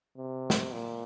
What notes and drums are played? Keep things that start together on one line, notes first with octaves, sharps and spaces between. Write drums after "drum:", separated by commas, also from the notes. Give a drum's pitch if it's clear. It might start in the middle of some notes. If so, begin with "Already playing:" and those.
C3
drum: snare
A#2